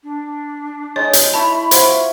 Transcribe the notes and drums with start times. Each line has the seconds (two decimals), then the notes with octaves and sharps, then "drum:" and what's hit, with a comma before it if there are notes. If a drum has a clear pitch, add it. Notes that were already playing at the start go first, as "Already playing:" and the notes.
0.03 D4
0.96 G#3 D#4 C#5 G5
1.13 drum: hi-hat
1.34 E4 C#5 A5 B5
1.71 F4 C5 C#5 E5 F#5, drum: hi-hat